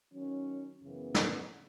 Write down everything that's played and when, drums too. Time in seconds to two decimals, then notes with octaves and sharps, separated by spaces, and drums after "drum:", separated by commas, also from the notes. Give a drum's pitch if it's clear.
0.14 D#3 F#3 C#4
0.83 F#2 C#3 E3 B3
1.14 drum: snare